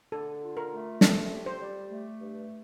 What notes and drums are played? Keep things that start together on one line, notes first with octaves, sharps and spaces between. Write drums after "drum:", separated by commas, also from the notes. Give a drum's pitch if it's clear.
D3 A4
F4
A#4
A3
C4 A4, drum: snare
G3
C5
G3
A3
G2